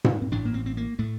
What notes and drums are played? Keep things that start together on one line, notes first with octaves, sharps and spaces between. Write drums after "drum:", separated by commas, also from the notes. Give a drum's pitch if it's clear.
drum: tom G#2
C4
A1 A2 D4
A#3
C4
C4
A#3
A2 A3